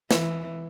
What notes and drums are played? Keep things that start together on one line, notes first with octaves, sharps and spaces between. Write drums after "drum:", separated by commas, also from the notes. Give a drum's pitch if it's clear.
E3, drum: snare